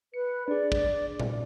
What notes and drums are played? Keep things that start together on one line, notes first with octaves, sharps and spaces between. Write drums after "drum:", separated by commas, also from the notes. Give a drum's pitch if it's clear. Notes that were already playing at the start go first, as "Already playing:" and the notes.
B4 C#7
D4 G#4 D5
drum: kick
drum: tom A#2